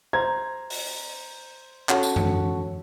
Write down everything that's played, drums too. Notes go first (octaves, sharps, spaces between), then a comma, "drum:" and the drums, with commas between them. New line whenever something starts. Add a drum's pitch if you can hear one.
C5 A#5 G#6
drum: open hi-hat
C#4 F#4 A4, drum: clap
drum: tambourine
drum: tom F#2